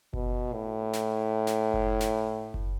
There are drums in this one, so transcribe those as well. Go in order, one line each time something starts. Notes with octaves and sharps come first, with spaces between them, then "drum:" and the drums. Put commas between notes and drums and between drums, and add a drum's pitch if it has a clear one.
B2, drum: kick F#1
A2
drum: snare
drum: snare
drum: kick F#1
drum: snare
drum: kick F#1